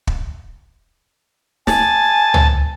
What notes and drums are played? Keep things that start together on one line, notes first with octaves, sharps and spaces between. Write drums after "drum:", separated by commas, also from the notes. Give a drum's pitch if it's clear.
drum: kick
G#5 A5, drum: snare
drum: tom